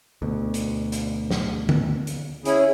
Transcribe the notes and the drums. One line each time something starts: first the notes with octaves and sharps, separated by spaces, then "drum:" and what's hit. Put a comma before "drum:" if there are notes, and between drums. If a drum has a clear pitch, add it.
D2 B2
drum: hi-hat
drum: hi-hat
drum: snare
drum: tom
drum: hi-hat
C#4 E4 G#4, drum: hi-hat